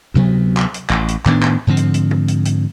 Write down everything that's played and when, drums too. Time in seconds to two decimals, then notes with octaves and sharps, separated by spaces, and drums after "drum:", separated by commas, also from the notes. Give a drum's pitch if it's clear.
0.14 D2 C3 F#3 B3
0.57 drum: clap
0.74 drum: hi-hat
0.90 A1, drum: clap
1.08 drum: hi-hat
1.26 A2 D#3 B3 D4, drum: clap
1.43 drum: clap
1.67 G#2 D3 F3 C4
1.77 drum: hi-hat
1.94 drum: hi-hat
2.11 drum: tom
2.28 drum: hi-hat
2.45 drum: hi-hat